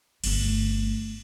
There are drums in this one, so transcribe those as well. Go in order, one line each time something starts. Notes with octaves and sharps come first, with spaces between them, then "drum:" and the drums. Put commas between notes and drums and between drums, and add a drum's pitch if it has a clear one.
G1 A3, drum: cymbal